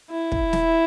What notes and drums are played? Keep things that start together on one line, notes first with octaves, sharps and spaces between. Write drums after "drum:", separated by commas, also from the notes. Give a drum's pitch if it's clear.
E4
drum: kick
drum: snare